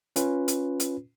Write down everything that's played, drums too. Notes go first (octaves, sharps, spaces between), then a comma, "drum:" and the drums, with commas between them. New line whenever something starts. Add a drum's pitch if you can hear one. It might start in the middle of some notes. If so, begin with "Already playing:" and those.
C#4 F4 B4, drum: hi-hat
drum: hi-hat
drum: hi-hat